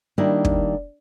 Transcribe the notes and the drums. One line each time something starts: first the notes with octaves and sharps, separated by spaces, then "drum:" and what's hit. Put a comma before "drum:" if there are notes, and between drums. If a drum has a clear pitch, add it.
D#3 G3 A#3 D4 E4 A#4
drum: kick